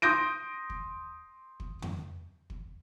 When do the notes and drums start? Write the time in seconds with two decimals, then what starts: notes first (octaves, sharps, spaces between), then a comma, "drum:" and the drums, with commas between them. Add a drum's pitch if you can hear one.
0.02 C6 D#6 G6 A#6 D7
0.70 drum: kick
1.60 drum: kick
1.82 drum: tom F2
2.50 drum: kick